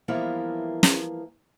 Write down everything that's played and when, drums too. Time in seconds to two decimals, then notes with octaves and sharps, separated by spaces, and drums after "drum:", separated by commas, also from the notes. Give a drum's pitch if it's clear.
0.08 E3 F3 G3 A#3 B3 E4
0.83 drum: snare